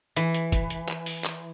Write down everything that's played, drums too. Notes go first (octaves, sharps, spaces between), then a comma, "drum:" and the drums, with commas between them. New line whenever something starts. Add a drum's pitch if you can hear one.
E3, drum: hi-hat
drum: hi-hat
drum: kick, hi-hat
drum: hi-hat
drum: clap
drum: open hi-hat
drum: clap